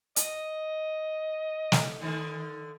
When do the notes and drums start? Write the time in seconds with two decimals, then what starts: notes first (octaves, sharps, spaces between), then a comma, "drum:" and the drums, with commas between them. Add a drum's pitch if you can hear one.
0.16 D#5, drum: hi-hat
1.72 drum: snare
2.00 D3 D#3 F3